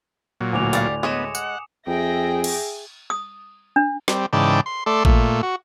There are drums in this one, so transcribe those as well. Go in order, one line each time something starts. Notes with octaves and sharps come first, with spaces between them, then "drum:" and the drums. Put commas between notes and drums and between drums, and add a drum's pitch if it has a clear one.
A#2 F#3
D2 A2 G#5 D6 F7
G3 D5 F5, drum: hi-hat
G#3 B3 C#5 D#5 D#6 C#7 E7
F#5, drum: tambourine
F2 G#4 E5 G5 A#6
drum: cymbal
D#6
D4
G3 C4, drum: snare
G#2 C#3 E3 D5 G5 A5
C6
A3 A4 D5 C6
A#2 A3, drum: kick A1
F#4